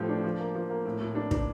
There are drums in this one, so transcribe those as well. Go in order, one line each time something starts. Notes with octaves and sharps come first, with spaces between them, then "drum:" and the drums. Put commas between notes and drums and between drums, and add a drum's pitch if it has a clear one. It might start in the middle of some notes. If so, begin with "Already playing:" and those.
Already playing: A2 F3 A3 G4
D4
F3
A#3
F3
A#3
A2
A2
D4
D4, drum: kick